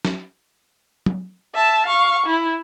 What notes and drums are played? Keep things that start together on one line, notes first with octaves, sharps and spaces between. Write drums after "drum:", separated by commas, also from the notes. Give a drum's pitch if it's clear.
drum: snare
drum: tom
E5 A5
F5 C#6
E4